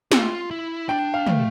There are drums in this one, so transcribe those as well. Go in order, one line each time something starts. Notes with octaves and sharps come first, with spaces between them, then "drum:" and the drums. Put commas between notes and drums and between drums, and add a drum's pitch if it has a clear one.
F4, drum: snare
E4
D4 G5
F5
A3, drum: tom